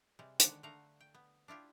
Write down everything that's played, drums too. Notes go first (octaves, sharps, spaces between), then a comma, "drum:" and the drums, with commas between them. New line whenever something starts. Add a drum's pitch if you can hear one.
C3 G3 G#3
D3 D#3 G#3 D4 F#5, drum: hi-hat
D3 A3 F5 F#5 A#5
G5
B3
D4 E4 F4 G4